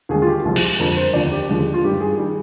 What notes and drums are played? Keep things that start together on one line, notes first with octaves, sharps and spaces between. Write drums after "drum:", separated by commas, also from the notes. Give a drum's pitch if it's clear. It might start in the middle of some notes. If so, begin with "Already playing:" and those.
D#2 D3 G#3 G#4
F4
G4
C2 C3 F3 G#3
drum: cymbal
F2 D3 G3 A#4
C5
D#2 D3 F3 D5
G4
D#2 D3 F3 G#3
F4
G2 D#3 G3 G4
G#4
D#3 G3 G#4